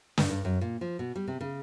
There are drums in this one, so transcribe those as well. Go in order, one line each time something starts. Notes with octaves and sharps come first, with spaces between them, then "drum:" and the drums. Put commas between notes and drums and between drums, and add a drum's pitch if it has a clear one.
G2, drum: snare
G2
F#2
A#2
F3
B2
G3
C3
C#3